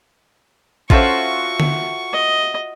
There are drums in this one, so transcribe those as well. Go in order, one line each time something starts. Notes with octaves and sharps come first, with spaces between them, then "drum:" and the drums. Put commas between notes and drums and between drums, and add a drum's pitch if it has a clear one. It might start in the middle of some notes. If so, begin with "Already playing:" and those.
C#4 F4 F#4 A4 C5 E5 C#6, drum: kick A1
drum: tom D3
D#5